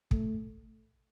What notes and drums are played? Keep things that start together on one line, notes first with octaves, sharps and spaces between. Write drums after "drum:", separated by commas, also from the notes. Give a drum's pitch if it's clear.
A3, drum: kick